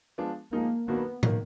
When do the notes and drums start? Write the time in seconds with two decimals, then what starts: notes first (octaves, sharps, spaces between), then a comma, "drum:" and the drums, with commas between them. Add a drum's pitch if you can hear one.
0.18 F3 G#3 B3 D4 F4
0.52 F3 G#3 A#3 D#4
0.88 D#3 F#3 A#3 B3 D4 F#4
1.23 D#3 A#3, drum: tom